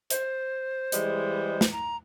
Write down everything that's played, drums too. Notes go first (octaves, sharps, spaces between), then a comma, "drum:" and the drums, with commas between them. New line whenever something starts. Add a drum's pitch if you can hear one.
C5, drum: hi-hat
E3 G3 G#3, drum: hi-hat
drum: snare
A#5